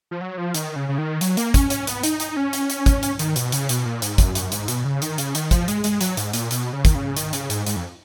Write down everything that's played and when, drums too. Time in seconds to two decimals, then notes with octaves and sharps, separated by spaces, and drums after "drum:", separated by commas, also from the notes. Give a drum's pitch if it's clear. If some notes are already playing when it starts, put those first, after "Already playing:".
0.11 F3
0.21 F#3
0.38 F3
0.54 D#3, drum: hi-hat
0.76 C#3
0.89 C#3
0.98 D#3
1.21 F#3, drum: hi-hat
1.37 A#3, drum: hi-hat
1.54 C#4, drum: kick, hi-hat
1.70 C#4, drum: hi-hat
1.87 B3, drum: hi-hat
2.03 D#4, drum: hi-hat
2.20 D#4, drum: hi-hat
2.31 D#4
2.37 C#4
2.53 drum: hi-hat
2.70 drum: hi-hat
2.86 drum: kick, hi-hat
3.03 drum: hi-hat
3.19 D#3, drum: hi-hat
3.36 B2, drum: hi-hat
3.52 C#3, drum: hi-hat
3.69 B2, drum: hi-hat
3.86 A#2
4.02 G#2, drum: hi-hat
4.18 F#2, drum: kick, hi-hat
4.35 F#2, drum: hi-hat
4.52 G#2, drum: hi-hat
4.68 B2, drum: hi-hat
4.85 C#3
5.02 D#3, drum: hi-hat
5.18 C#3, drum: hi-hat
5.35 D#3, drum: hi-hat
5.51 F3, drum: kick, hi-hat
5.68 G#3, drum: hi-hat
5.84 G#3, drum: hi-hat
6.01 F#3, drum: hi-hat
6.17 G#2, drum: hi-hat
6.33 A#2, drum: hi-hat
6.51 B2, drum: hi-hat
6.73 C#3
6.85 D#3, drum: kick, hi-hat
6.95 C#3
7.17 D#3, drum: hi-hat
7.33 C#3, drum: hi-hat
7.50 G#2, drum: hi-hat
7.66 G#2, drum: hi-hat
7.76 F2